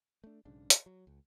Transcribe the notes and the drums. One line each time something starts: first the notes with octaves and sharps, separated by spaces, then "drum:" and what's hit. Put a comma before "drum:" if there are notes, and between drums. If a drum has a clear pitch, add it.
A3 D4
B1 G#2 C#3 D4
drum: hi-hat
F#3
C#2